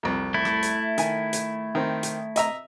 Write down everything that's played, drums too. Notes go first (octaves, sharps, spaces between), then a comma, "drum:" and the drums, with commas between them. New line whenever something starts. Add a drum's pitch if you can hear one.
C2 F2
A3 E4
drum: rim click
drum: hi-hat
D#3 G#5, drum: hi-hat
drum: hi-hat
D#3 C4
drum: hi-hat
D#5 E5 A#5, drum: hi-hat